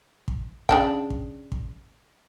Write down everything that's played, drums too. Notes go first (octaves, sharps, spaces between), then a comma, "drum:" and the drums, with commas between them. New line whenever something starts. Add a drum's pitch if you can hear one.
drum: kick
C#3 D4 G5, drum: kick
drum: kick
drum: kick